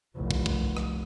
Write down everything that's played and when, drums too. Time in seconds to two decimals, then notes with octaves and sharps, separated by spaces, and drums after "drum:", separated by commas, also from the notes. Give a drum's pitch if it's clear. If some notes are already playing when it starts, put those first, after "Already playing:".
0.15 F1 C2
0.31 drum: kick
0.46 drum: kick
0.77 drum: rim click